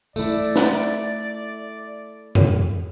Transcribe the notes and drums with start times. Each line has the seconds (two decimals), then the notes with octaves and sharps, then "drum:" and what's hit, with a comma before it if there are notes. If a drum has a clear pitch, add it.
0.16 A3 E4 D5, drum: tambourine
0.56 drum: snare
2.35 drum: tom F2